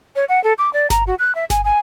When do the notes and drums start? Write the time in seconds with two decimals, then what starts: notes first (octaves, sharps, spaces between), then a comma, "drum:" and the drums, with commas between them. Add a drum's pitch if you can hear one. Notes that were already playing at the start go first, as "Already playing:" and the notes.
0.16 C#5
0.29 F#5
0.44 A4
0.58 D6
0.73 D5
0.90 A#5, drum: snare G1
1.07 F#4
1.19 F#6
1.35 E5
1.50 G#5, drum: snare G1
1.64 G#5